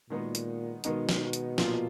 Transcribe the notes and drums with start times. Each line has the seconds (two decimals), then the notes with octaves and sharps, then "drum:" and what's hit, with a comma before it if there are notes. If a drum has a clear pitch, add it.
0.10 A#2 D#3 G#3 B3 D#4 F#4
0.35 drum: hi-hat
0.84 B2 D#3 G#3 B3 D#4 F#4, drum: hi-hat
1.09 drum: snare
1.33 drum: hi-hat
1.58 A#2 F3 A#3 F4, drum: snare